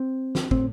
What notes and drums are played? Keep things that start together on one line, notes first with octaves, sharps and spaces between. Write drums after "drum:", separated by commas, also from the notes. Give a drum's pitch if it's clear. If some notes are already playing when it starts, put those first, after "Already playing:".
Already playing: C4
drum: snare
A2 C4, drum: kick